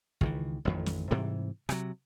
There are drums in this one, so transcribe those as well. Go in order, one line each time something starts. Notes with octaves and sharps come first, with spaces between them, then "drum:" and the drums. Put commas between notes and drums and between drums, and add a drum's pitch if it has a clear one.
C#2 D#3 E3, drum: kick
A1 F2 D#3
drum: snare
G#2 C3 E3 G3
C3 F#3, drum: rim click